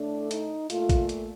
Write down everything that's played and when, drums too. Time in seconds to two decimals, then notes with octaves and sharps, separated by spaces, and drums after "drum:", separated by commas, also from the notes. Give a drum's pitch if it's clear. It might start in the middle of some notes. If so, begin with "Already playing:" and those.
Already playing: A2 A3 D4
0.31 D#4, drum: hi-hat
0.70 A#2 A3 F4, drum: hi-hat
0.89 drum: kick A1, hi-hat
1.09 drum: hi-hat